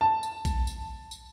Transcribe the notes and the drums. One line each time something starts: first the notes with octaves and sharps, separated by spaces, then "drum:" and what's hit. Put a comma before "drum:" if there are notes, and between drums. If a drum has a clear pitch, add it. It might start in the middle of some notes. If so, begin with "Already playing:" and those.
A5
drum: tambourine
drum: kick A#1, tambourine
drum: tambourine
drum: tambourine